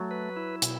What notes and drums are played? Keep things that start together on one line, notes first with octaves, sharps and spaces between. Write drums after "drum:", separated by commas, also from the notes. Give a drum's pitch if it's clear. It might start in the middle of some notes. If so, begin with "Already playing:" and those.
Already playing: F#3 A3
B4
E4
B2, drum: hi-hat